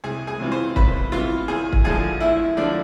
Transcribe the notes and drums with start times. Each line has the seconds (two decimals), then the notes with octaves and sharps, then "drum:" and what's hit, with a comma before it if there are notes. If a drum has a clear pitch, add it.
0.04 C2 G#4 G#5
0.27 G#4 G#5
0.40 C3 E3 B3 F4
0.52 C5 C6
0.76 C2 B4 B5, drum: kick
1.12 C3 E3 B3 F4 F5
1.48 E2 G#4 G#5
1.73 drum: kick
1.84 D3 F3 A3 G#4 G#5
2.21 E2 E4 E5
2.57 D3 F3 A3 D4 D5